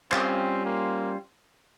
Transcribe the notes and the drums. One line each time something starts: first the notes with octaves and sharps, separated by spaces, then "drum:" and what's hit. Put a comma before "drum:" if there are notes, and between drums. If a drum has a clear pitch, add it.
G3 C4 C#4 F4 C5, drum: clap
A#3